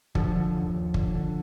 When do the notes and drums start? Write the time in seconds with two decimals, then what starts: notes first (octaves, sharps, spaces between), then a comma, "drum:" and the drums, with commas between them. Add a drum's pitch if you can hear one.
0.15 D3 F3, drum: kick
0.35 D3
0.55 D#2
0.74 D#2
0.94 D3, drum: kick
1.14 D3